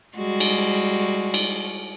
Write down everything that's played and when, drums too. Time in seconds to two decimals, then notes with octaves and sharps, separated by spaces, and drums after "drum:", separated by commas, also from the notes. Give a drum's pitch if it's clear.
0.17 G3 G#3 F#4
0.40 drum: cymbal
1.34 drum: cymbal